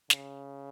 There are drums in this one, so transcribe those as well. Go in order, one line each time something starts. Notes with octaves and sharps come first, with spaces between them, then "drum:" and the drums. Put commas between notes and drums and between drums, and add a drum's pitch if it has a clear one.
C#3, drum: snare